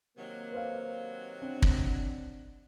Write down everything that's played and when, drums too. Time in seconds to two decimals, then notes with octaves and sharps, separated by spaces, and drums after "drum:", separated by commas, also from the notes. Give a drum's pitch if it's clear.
0.17 C3 D#3 F#3 A#3
0.52 B4 C5 F5
1.42 C4 D4
1.62 drum: kick